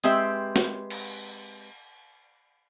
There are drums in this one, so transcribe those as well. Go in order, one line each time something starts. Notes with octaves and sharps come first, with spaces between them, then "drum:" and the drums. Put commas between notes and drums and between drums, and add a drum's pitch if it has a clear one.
G#3 C4 G4 B4 E5, drum: hi-hat
drum: snare
drum: cymbal